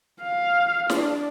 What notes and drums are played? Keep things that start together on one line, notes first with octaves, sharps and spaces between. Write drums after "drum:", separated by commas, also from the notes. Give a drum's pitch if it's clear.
F5
D4, drum: snare